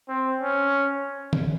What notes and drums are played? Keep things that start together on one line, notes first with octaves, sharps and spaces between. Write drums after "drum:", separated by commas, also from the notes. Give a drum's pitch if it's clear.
C4
C#4
drum: tom